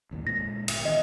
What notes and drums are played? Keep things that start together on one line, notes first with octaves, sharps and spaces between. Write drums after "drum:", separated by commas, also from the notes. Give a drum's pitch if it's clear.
F#1 D#2 A2
A#2 G#3 A#6
G1, drum: cymbal
D#3 E3 B3 D#5